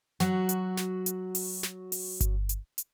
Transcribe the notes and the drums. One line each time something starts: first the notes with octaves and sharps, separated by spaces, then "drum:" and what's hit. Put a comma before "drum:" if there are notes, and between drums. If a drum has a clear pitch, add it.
F#3 F#4, drum: snare
drum: hi-hat
drum: snare
drum: hi-hat
drum: open hi-hat
drum: snare
drum: open hi-hat
drum: kick G1, hi-hat
drum: hi-hat
drum: hi-hat